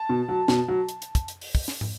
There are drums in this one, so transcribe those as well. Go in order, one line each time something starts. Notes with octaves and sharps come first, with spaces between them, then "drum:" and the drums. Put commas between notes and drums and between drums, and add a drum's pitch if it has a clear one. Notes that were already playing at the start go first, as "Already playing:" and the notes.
Already playing: A5
B2
F#3
B2, drum: snare
F#3
drum: hi-hat
drum: hi-hat
drum: kick, hi-hat
drum: hi-hat
drum: open hi-hat
drum: kick, open hi-hat
drum: snare
drum: tom